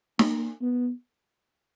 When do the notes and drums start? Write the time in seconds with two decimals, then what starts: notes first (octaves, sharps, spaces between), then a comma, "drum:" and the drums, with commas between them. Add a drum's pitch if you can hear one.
0.19 A#3, drum: snare
0.61 B3